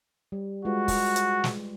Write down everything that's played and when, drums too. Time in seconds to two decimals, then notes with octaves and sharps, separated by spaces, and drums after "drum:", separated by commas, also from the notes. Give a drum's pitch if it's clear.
0.32 G3
0.65 G#3 F4 F#4 B4
0.88 drum: kick, open hi-hat
1.16 drum: hi-hat
1.44 drum: snare